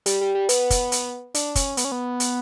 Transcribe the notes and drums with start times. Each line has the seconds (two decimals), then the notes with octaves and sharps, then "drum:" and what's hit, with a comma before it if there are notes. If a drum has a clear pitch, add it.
0.06 G3, drum: hi-hat
0.21 G3
0.35 G3
0.49 B3, drum: hi-hat
0.70 drum: kick, hi-hat
0.92 drum: hi-hat
1.34 D4, drum: hi-hat
1.55 C#4, drum: kick, hi-hat
1.77 B3, drum: hi-hat
1.85 C#4
1.92 B3
2.20 drum: hi-hat